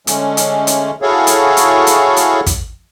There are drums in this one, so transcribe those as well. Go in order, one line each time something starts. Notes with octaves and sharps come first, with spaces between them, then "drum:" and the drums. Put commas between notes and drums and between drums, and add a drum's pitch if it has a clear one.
D3 G#3 A3 C#4, drum: hi-hat
drum: hi-hat
drum: hi-hat
E4 F#4 G#4 A4 C#5 F5
drum: hi-hat
drum: hi-hat
drum: hi-hat
drum: hi-hat
drum: kick, hi-hat